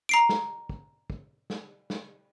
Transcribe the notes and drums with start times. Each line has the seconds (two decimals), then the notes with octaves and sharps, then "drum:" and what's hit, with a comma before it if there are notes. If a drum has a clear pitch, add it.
0.09 A#5 C7 D7
0.29 drum: snare
0.69 drum: kick
1.10 drum: kick
1.50 drum: snare
1.90 drum: snare